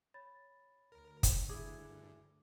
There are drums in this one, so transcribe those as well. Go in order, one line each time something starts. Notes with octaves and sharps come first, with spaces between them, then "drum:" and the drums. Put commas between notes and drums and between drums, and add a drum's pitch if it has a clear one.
C#5 B5 A6
D2 A#4
drum: kick, hi-hat
G2 D3 E4 G#4 D6